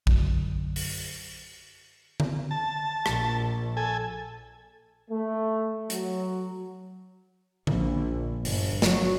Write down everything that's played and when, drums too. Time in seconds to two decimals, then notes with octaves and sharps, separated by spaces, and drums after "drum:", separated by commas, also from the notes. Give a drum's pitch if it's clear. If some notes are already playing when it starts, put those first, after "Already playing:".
0.07 F#2 D3, drum: kick A#1
0.76 drum: open hi-hat
2.20 drum: tom D3
2.51 A5
3.06 A#1, drum: rim click
3.77 A4 G#5
5.10 A3
5.90 F#3, drum: hi-hat
7.67 A#1, drum: tom D3
8.45 G1, drum: open hi-hat
8.82 F#3, drum: snare